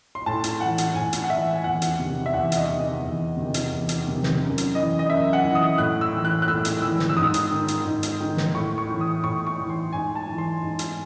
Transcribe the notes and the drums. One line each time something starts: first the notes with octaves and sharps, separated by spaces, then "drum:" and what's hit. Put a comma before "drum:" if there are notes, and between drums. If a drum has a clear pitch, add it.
C6
A2 A5
drum: hi-hat
E3 F#5
drum: hi-hat
A2 G#5
drum: hi-hat
F#5
E3 E5
G#5
E2 F#5
drum: hi-hat
C3 D#3
E5
E2 F#5
E5, drum: hi-hat
D#5
C3 D#3
D#5
E2
C3 D#3
drum: hi-hat
E2
drum: hi-hat
C3 D#3
drum: snare
F#2
drum: hi-hat
E3 D#5
D#5
F#2 E5
F#5
E3
D#6
A2 F#6
E6
E3
F#6
F#6
A2 E6
drum: hi-hat
E3 E6
drum: snare
E6
G#2 D#6
drum: hi-hat
D#3
drum: hi-hat
G#2
drum: hi-hat
D#3
drum: snare
A2 C#6
C#6
E3
D#6
A2 C#6
C#6
E3
C6
G#2 G#5
A5
E3
C6
G#2
drum: hi-hat